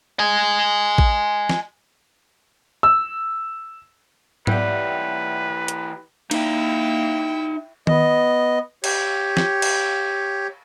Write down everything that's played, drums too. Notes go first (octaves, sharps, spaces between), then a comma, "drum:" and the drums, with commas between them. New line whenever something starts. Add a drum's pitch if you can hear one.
D#5 G#5
drum: kick A1
drum: snare
E6
E3 G3 F4 G4 B4 E5 F#5 G5, drum: tom G#2
drum: hi-hat
A#3 D#4 E4 E5 G5, drum: cymbal
B3 D#5, drum: tom D#3
G4 C#5, drum: cymbal
drum: snare
drum: cymbal